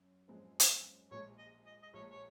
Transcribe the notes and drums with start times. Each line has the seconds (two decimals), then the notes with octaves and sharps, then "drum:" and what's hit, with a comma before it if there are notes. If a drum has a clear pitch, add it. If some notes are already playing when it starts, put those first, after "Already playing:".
Already playing: F#2
0.28 F#2 F3 G#3 C4
0.60 drum: hi-hat
1.11 A#1 A#2 G#3 C#5
1.38 D#5
1.66 D#5
1.83 D#5
1.93 A#1 A#2 G#3 C#5
2.11 C#5